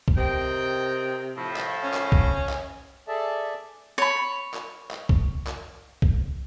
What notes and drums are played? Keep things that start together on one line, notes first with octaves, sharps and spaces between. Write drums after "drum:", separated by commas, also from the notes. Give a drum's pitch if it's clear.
drum: kick
C3 A#4 D#5 G5
A2 F3
drum: clap
C#4
drum: clap
drum: kick
drum: clap
G#4 A4 D5 E5 A5
C#5 B5
drum: clap
drum: clap
drum: kick
drum: clap
drum: kick